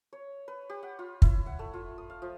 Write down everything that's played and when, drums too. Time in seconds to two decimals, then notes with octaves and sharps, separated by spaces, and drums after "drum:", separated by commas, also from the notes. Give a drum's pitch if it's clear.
0.13 C#5
0.48 B4
0.70 G4
0.83 F#5
0.99 F4
1.22 E4, drum: kick
1.46 F#5
1.59 A3
1.73 F4
1.98 D#6
2.10 F5
2.22 F3